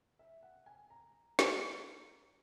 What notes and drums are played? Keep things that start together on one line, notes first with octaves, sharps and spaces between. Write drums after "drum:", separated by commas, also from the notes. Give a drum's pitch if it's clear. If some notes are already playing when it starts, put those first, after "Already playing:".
E5
F#5
G#5
A#5
drum: snare